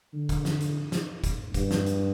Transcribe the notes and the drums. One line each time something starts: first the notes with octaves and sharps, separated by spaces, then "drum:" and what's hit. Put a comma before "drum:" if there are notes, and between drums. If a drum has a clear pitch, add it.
D3
drum: kick, hi-hat
drum: snare
drum: hi-hat
drum: snare
drum: kick, hi-hat
G2, drum: kick, hi-hat
drum: snare
drum: hi-hat